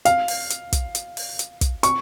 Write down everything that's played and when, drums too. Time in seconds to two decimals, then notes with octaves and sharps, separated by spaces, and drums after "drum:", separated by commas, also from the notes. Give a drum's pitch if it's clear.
0.05 F5, drum: hi-hat
0.28 drum: open hi-hat
0.50 drum: hi-hat
0.73 drum: kick, hi-hat
0.95 drum: hi-hat
1.17 drum: open hi-hat
1.39 drum: hi-hat
1.61 drum: kick, hi-hat
1.83 C#6, drum: hi-hat